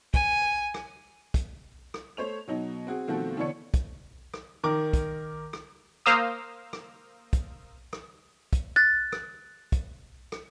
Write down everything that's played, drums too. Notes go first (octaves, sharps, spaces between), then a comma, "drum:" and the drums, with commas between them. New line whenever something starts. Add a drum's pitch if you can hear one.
G#5, drum: kick, hi-hat
drum: rim click
drum: kick, hi-hat
drum: rim click
A3 C5 C#5 F7
B2 F#3 D#4
C4 F#4 G#4
B2 D#3 F3 A3 C4 F#4
D3 E3 B3 D4 C#5 C#7
drum: kick, hi-hat
drum: rim click
D#3 A#4 D6
drum: kick, hi-hat
drum: rim click
A#3 C5 F5 A#5 D#6 E6
drum: rim click
drum: kick, hi-hat
drum: rim click
drum: kick, hi-hat
F#6 A6
drum: rim click
drum: kick, hi-hat
drum: rim click